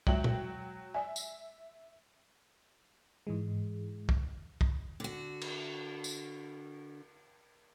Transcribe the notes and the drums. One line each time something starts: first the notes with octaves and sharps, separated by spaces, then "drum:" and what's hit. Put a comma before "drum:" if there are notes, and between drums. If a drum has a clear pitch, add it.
F#3 G#3 D5 E5 G5 F#7, drum: kick
drum: tom A#2
D5 E5 G#5
drum: tambourine
G#2 E3 G#3
drum: kick
drum: kick
D3 F#4
drum: cymbal
drum: tambourine